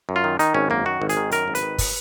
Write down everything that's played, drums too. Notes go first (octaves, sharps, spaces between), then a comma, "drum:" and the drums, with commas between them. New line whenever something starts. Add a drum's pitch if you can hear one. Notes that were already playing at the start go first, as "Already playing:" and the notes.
F#2
F4
D#3
D#3 D#4, drum: hi-hat
G#1 C#4
F#2 A#3
D#3 F#4
G#1
G#4, drum: hi-hat
D#3
F#2 A#4, drum: hi-hat
G#1
B4, drum: hi-hat
D#3
drum: kick, open hi-hat